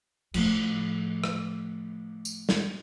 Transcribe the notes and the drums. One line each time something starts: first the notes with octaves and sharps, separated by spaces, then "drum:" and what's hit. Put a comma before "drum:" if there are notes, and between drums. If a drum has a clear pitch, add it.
A2 F3, drum: cymbal
drum: rim click
drum: tambourine
drum: snare